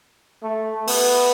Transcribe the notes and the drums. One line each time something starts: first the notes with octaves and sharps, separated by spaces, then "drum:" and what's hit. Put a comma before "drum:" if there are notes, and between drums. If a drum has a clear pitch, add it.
A3
B3, drum: open hi-hat